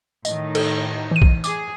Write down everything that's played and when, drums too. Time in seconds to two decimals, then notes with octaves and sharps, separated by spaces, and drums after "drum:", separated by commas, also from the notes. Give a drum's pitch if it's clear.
0.25 A2 D#3 D#4 D#5, drum: tambourine
0.55 A4, drum: cymbal
1.11 E3 D#7
1.22 drum: kick
1.44 G#4 D6, drum: tambourine